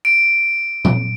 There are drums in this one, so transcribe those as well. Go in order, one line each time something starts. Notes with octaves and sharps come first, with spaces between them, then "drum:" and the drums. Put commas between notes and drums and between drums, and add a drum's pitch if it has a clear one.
D7
drum: tom A#2